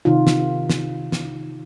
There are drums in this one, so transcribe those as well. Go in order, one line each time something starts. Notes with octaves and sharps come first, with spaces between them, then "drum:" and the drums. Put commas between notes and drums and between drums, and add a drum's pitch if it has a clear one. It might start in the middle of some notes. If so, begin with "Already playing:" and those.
C3 D#3 D#4 F4
drum: snare
drum: snare
drum: snare